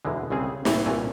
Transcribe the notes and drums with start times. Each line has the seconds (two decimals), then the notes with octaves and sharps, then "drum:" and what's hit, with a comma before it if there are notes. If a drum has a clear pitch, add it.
0.05 E2 B2 D3 G#3
0.30 C2 C#3 C4 G#4
0.65 C2 A2 E3, drum: snare
0.86 C2 A#2 A3 D5 G#5 A#5